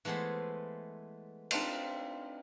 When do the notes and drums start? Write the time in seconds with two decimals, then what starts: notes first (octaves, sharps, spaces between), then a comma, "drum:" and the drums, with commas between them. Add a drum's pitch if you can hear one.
0.05 E3 G#3 A3 B3 G#4 C5
1.51 C4 D4 D#4 F4 B4 D5, drum: cymbal